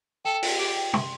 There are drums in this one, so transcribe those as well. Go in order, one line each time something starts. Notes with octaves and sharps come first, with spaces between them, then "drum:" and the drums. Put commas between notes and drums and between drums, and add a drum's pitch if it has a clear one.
A4 G5
F4, drum: open hi-hat
G4 G5
G5
C6, drum: tom